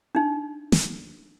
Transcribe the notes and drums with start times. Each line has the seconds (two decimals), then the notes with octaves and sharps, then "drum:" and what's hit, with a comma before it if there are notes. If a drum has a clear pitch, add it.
0.15 D4 D#4
0.72 drum: snare